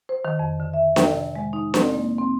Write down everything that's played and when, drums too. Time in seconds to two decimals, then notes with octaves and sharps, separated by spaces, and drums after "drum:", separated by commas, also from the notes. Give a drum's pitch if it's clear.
0.09 C5
0.25 D#3
0.39 F2
0.60 D3
0.73 E5
0.96 G5, drum: snare D4
1.13 C3
1.36 G#3
1.53 D#4
1.74 C4, drum: snare D4
1.92 A#3
2.18 C4